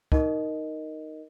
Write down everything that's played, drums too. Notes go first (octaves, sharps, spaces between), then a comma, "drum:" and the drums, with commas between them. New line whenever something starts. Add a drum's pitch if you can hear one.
D#4 A#4 D#5, drum: kick